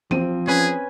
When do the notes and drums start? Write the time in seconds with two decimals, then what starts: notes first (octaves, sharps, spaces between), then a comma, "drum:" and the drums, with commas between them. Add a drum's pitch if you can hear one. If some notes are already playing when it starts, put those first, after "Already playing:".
0.11 F3 C4 D#7, drum: tom E3
0.47 C#4 G#4 B4 G#5